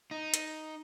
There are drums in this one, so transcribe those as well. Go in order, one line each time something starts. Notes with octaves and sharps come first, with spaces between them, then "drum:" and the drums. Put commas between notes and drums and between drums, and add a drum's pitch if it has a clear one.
D#4
drum: hi-hat